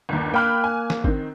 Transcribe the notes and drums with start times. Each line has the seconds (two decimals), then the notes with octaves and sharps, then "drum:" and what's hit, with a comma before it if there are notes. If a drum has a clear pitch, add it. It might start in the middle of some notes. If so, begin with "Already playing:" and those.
0.09 G1 D#2
0.34 A#3 G5 B5 F#6
0.64 G#5
0.90 drum: snare
1.04 D#3 C4, drum: kick G#1